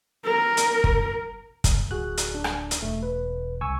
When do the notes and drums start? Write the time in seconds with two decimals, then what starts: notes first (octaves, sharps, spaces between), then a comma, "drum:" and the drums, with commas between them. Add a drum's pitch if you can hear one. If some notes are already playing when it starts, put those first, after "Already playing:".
0.25 A#4
0.57 drum: hi-hat
0.84 drum: kick
1.64 drum: kick, hi-hat
1.91 D1 F#4 G#4 F#6
2.17 drum: hi-hat
2.35 D4
2.44 drum: rim click
2.71 drum: hi-hat
2.82 E1 A3
3.03 B4
3.61 C2 G#5 C#6 E6